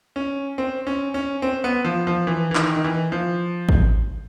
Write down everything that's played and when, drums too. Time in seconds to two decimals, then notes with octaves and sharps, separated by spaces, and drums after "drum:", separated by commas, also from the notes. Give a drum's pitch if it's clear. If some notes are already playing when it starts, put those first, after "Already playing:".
0.16 C#4
0.58 C4
0.87 C#4
1.14 C#4
1.42 C4
1.64 B3
1.85 F3
2.07 F3
2.27 E3
2.51 E3
2.55 D#3, drum: clap
2.76 D#3
2.84 E3
3.12 F3
3.69 drum: kick